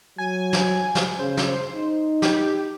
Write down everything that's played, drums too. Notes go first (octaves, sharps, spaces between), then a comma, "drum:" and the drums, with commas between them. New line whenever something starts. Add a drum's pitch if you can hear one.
F#3 G#5
drum: snare
drum: snare
C#3 C5
drum: snare
D#4
G4, drum: snare